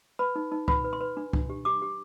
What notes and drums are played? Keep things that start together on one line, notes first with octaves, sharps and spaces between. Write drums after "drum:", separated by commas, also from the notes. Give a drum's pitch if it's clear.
B4 B5
D#4
D#4
B4 B5, drum: kick C#2
B4
C6
B4
D4
D4, drum: kick C#2
G4
G4 D6
G4